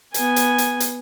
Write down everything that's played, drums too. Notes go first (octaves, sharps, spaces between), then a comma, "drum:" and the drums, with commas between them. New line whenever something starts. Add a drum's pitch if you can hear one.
B3 G#5, drum: hi-hat
drum: hi-hat
drum: hi-hat
drum: hi-hat